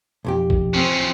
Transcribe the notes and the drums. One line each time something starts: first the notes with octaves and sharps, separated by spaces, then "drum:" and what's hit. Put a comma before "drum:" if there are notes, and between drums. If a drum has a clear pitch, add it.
B1 F2 G4
drum: kick
F3 C4 C#4